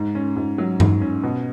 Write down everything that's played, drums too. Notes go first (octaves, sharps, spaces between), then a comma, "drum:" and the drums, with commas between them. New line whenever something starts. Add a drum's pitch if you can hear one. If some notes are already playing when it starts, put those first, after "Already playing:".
Already playing: G#2
C#4
G#2
F#3
G#2, drum: tom G2
C#4
B2